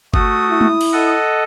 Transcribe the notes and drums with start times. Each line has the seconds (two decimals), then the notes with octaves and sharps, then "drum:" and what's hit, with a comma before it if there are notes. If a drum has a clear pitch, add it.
0.14 A3 F#4 D#6, drum: kick G1
0.51 E4
0.61 drum: tom G#3
0.81 drum: cymbal
0.93 A4 D#5 F#5